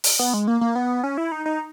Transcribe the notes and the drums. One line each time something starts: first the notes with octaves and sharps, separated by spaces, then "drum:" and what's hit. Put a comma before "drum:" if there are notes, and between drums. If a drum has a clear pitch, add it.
drum: open hi-hat
B3
G#3
A#3
A#3
B3
C#4
E4
D#4
D#4